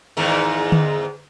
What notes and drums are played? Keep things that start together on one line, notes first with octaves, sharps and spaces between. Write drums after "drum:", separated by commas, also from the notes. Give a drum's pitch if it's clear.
E2 G#2 D#3
drum: tom D3